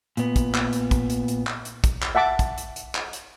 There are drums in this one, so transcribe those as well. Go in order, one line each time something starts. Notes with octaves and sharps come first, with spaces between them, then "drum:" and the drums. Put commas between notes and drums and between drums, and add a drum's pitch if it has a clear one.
A#2 B3, drum: hi-hat
drum: kick, hi-hat
drum: clap
drum: hi-hat
drum: kick, hi-hat
drum: hi-hat
drum: hi-hat
drum: clap
drum: hi-hat
drum: kick, hi-hat
drum: clap
E5 F#5 A5 D6
drum: kick, hi-hat
drum: hi-hat
drum: hi-hat
drum: clap
drum: hi-hat